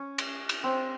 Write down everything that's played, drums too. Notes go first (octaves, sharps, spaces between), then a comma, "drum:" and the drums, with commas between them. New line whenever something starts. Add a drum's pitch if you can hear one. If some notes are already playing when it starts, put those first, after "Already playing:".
Already playing: C#4
drum: cymbal
drum: cymbal
C4